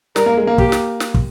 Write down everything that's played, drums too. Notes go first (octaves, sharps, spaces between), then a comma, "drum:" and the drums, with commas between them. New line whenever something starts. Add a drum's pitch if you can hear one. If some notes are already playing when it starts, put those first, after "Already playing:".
G3 A#4, drum: snare
A#3
G#3
A#3
G4, drum: kick
drum: snare
drum: snare
drum: kick